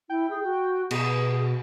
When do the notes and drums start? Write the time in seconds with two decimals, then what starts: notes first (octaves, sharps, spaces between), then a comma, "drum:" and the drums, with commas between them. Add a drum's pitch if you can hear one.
0.10 E4 G5
0.30 G#4
0.44 F#4
0.91 B2 G#4, drum: cymbal